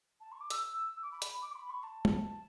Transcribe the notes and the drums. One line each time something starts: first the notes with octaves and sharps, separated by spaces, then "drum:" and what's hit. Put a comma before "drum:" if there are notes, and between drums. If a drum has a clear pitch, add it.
A5
C#6
D6
E6, drum: hi-hat
D6
B5
B5, drum: hi-hat
D6
C#6
B5
C#6
A5
drum: tom